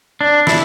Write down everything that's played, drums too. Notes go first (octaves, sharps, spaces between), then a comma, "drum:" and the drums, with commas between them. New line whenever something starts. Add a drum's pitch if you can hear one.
D4
E4, drum: snare